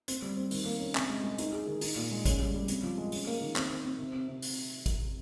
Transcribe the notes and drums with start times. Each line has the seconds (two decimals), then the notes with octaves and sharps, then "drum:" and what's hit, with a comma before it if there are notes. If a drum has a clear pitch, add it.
0.08 C4, drum: hi-hat
0.22 G3
0.37 C4
0.51 D#3, drum: open hi-hat
0.66 A#3
0.80 C#4
0.95 C3, drum: clap
1.09 G#3
1.24 G#3
1.38 D#4, drum: hi-hat
1.53 G#4
1.67 D#3
1.81 D#4, drum: open hi-hat
1.96 A#2
2.11 G#3
2.25 C#4, drum: kick, hi-hat
2.39 G3
2.54 G3
2.68 C3, drum: hi-hat
2.83 F3
2.98 G#3
3.12 C#4, drum: open hi-hat
3.27 A#3
3.41 D#3
3.56 C4, drum: clap
3.70 C4
3.85 C4
3.99 C3
4.14 C3
4.28 C3
4.42 drum: open hi-hat
4.86 drum: kick, hi-hat